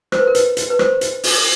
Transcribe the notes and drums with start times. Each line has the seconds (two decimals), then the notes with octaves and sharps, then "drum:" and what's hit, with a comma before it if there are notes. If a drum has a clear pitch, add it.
0.12 C5, drum: rim click
0.19 B4
0.27 A#4
0.35 B4, drum: hi-hat
0.57 drum: hi-hat
0.70 B4
0.79 C5, drum: rim click
1.01 drum: hi-hat
1.23 drum: open hi-hat